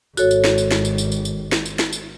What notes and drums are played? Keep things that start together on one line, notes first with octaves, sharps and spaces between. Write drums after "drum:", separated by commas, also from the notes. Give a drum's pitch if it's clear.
G#1 F#4 A4 C#5, drum: tambourine
drum: tambourine
drum: snare
drum: tambourine
drum: snare
drum: tambourine
drum: tambourine
drum: tambourine
drum: tambourine
drum: snare
drum: tambourine
drum: snare
drum: tambourine